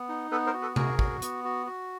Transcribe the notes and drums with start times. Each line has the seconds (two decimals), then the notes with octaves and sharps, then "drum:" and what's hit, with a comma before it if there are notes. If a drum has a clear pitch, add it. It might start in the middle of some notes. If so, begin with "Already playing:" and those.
Already playing: B3
0.09 D#4
0.31 B3 A4 B4
0.46 A#4 C5
0.53 F#4
0.61 A4 B4
0.76 F#4 G#4 A#4, drum: tom C3
0.99 F#4, drum: kick
1.22 B3, drum: hi-hat
1.44 F#4
1.66 F#4